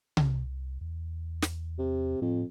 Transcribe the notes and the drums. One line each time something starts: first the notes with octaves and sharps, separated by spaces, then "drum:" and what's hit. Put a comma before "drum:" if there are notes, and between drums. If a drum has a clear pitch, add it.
C2, drum: tom C3
E2
drum: snare
C3
F2 A2